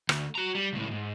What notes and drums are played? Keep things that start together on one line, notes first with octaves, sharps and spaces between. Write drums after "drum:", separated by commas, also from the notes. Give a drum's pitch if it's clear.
D2, drum: rim click
F#4 A#5
G3
C#2 A2
G#2